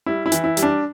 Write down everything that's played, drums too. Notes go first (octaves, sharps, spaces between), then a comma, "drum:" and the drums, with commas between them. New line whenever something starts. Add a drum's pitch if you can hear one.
G3 E4
E4
E3, drum: hi-hat
E4
G3, drum: hi-hat
D4